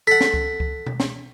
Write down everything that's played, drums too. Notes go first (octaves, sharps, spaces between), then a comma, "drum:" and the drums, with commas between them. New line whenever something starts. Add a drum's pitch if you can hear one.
A4 F#5 B6
drum: snare
drum: kick C#2
drum: kick C#2
drum: tom B2
drum: snare